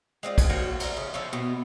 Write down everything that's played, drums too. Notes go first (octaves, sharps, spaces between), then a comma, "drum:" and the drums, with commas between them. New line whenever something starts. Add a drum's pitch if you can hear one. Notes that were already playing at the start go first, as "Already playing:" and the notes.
G#3 C4 F4 D5
drum: kick, cymbal
A#3 F#4 C5 C#5
D3 A3 A#4, drum: cymbal
C#3
F3 C#4 A4
B2 B3